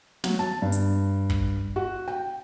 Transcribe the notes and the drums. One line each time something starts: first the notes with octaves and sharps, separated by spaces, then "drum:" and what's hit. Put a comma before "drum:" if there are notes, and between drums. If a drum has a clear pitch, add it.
F#3, drum: snare
A5
G2
drum: hi-hat
drum: kick
F#4
G5